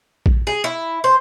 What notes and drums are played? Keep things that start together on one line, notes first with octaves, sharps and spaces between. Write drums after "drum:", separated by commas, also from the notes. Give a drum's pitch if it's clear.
drum: kick A#1
G#4
E4
C5